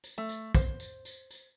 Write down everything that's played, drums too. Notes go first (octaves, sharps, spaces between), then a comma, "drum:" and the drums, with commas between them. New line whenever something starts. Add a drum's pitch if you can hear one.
drum: tambourine
A3
drum: tambourine
C5, drum: kick, tambourine
drum: tambourine
drum: tambourine
drum: tambourine